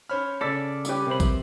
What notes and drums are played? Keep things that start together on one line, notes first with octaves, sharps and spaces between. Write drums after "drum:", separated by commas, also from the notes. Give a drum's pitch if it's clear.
C#4 C5 C#5 B5 F6
C#3 A4 D5 E6 A6 B6
G3 C#4 G4 B4 D#6, drum: tambourine
C3 A#4 C5 B5
drum: kick, tambourine